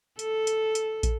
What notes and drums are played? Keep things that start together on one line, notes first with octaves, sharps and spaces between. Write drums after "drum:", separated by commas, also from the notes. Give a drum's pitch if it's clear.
A4, drum: hi-hat
drum: hi-hat
drum: hi-hat
drum: kick, hi-hat